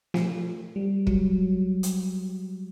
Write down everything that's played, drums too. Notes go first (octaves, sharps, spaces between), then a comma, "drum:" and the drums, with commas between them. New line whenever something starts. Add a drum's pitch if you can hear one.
F3, drum: snare
G3
F#3, drum: kick
drum: hi-hat